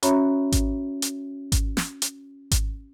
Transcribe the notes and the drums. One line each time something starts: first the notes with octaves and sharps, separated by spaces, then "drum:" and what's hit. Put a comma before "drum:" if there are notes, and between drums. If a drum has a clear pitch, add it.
C#4 F#4 C#5 E5 A#5 B5, drum: hi-hat
drum: kick G#1, hi-hat
drum: hi-hat
drum: kick G#1, hi-hat
drum: snare
drum: hi-hat
drum: kick G#1, hi-hat